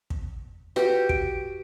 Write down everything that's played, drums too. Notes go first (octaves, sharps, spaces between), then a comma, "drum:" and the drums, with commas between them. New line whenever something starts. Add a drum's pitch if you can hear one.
drum: kick
F#4 G4 B4, drum: snare F4
D7, drum: kick